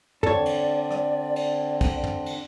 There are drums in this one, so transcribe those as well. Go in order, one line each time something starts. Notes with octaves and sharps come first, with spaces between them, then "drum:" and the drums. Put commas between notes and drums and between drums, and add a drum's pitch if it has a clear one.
D3 C4 D4 A4 C#5 D5, drum: tom
drum: cymbal
drum: rim click
drum: cymbal
drum: kick, cymbal
drum: tom
drum: cymbal